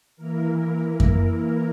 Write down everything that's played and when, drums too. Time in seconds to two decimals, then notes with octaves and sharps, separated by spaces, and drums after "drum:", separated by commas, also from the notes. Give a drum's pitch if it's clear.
0.17 E3 A#3 E4 A#4
1.00 drum: kick F#2